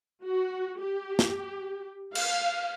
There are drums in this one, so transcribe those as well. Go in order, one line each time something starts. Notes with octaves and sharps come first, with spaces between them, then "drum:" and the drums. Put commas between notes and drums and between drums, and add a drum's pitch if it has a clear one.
F#4
G4
drum: snare
F5, drum: cymbal